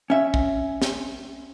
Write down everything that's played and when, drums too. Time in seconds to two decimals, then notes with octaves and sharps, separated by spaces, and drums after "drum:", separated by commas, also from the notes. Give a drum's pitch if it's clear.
0.10 C#4 E5
0.34 drum: kick
0.82 drum: snare